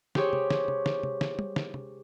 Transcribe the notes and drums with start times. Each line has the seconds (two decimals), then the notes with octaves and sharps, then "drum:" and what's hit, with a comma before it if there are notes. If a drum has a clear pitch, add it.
0.15 G4 G#4 C5 C#5, drum: snare
0.33 drum: tom
0.51 drum: snare
0.68 drum: tom
0.86 drum: snare
1.03 drum: tom
1.21 drum: snare
1.39 drum: tom G3
1.56 drum: snare
1.74 drum: tom